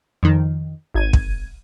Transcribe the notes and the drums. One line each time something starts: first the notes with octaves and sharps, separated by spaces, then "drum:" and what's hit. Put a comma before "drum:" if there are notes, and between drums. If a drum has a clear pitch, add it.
F2 D#3
G#1 G#6 D#7
drum: kick